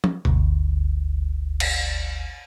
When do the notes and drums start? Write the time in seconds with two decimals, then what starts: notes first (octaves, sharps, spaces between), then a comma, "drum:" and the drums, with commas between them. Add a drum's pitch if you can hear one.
0.04 drum: tom
0.25 G1 D2, drum: tom B2
1.60 drum: cymbal